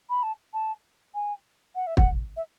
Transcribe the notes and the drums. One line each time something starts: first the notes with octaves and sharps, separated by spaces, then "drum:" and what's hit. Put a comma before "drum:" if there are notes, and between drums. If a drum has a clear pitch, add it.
B5
A5
A5
G#5
F#5
E5
F#5, drum: kick
E5